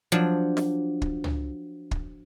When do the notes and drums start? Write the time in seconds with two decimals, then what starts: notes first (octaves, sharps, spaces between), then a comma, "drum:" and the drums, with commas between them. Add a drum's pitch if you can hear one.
0.12 F3 F#3 D4
0.57 drum: snare
1.02 drum: kick
1.24 drum: tom
1.91 drum: kick